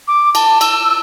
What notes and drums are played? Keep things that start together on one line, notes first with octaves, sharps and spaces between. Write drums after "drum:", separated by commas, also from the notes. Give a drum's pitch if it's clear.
D6
A5, drum: cymbal
E6, drum: cymbal